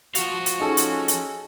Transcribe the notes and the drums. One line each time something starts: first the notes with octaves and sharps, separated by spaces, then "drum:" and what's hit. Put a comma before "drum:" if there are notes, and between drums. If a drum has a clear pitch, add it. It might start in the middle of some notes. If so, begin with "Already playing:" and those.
F3 F#4 F5, drum: hi-hat
drum: hi-hat
C#4 D#4 G#4 A4
drum: hi-hat
drum: hi-hat